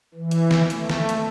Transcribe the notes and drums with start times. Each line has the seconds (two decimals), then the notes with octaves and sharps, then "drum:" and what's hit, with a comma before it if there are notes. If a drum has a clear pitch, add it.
0.15 E3
0.31 drum: hi-hat
0.51 drum: snare
0.70 A3, drum: hi-hat
0.90 drum: snare
1.09 drum: hi-hat